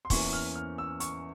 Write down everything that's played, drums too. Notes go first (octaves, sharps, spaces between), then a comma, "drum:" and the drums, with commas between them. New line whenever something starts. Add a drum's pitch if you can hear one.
C6
E2 E3 A#3 C#4 C#6, drum: kick, open hi-hat
F6
F6
E6
C#6, drum: hi-hat